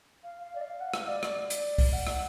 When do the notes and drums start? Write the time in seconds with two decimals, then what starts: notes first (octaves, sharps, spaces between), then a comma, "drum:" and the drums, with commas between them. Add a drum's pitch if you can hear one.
0.23 F5
0.42 F5
0.55 D5
0.61 F5
0.80 F#5
0.94 F5, drum: rim click
1.08 D5
1.23 D5, drum: rim click
1.50 drum: hi-hat
1.78 drum: kick C2, open hi-hat
1.92 F#5
2.07 drum: rim click